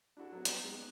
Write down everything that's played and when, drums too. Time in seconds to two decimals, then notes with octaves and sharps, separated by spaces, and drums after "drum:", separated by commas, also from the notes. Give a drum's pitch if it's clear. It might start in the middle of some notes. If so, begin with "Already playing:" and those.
0.17 D4 E4 F#4 A4
0.32 F#3 B3
0.45 G3, drum: hi-hat
0.63 G#3 B3 D#4
0.76 F#6